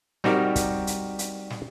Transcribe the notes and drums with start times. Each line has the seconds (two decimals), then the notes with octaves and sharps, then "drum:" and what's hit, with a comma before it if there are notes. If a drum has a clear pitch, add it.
0.24 G3 C4 D#4 F#4 G4 A#4, drum: snare
0.56 drum: kick, hi-hat
0.87 drum: hi-hat
1.19 drum: hi-hat
1.50 drum: snare